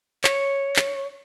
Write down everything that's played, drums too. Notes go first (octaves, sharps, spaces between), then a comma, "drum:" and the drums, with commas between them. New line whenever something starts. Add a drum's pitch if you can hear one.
C#5, drum: clap
drum: clap